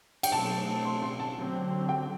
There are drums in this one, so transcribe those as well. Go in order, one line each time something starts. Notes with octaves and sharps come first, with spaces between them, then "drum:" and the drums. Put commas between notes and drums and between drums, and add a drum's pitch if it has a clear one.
G5, drum: cymbal
B2 F#3 A3 C4 A5
C6
C6
A5
D3 F#3 C4
G5